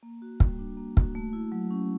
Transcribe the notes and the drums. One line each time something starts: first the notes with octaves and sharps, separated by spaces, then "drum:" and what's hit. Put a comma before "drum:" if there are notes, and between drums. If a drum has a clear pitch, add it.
A#3
F#4
G3, drum: kick
D4
A#3
F#4, drum: kick
A3
E4
F#3
C#4